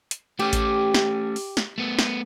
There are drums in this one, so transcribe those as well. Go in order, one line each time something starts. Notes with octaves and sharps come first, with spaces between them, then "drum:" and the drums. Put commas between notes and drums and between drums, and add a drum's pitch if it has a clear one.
drum: hi-hat
A3 C#4 G4
drum: kick A1, hi-hat
drum: snare
drum: open hi-hat
drum: snare
A3 B3
drum: snare